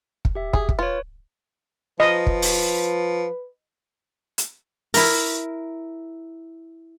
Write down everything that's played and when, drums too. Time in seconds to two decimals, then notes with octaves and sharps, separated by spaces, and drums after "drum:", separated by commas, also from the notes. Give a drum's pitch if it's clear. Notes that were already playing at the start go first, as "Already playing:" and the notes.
0.25 drum: kick
0.35 G4 E5
0.53 G#4, drum: kick
0.69 drum: kick
0.79 F4 B4 C#5
2.00 F3 B4 D#5
2.27 drum: kick
2.42 drum: open hi-hat
4.38 drum: hi-hat
4.94 E4 A#4, drum: open hi-hat